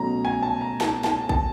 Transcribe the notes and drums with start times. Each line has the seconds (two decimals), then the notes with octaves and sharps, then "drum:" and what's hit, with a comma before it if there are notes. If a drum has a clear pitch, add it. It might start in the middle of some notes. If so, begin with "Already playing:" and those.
Already playing: B2 F#3 A3 C#4 A#5
0.25 G#5
0.43 A5
0.61 A#5
0.81 A5, drum: snare
1.04 A5, drum: snare
1.29 A5, drum: kick A1